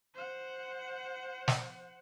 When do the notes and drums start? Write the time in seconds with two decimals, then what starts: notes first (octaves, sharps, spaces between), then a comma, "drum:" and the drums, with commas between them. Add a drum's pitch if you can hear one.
0.15 C5 F#5
1.48 drum: snare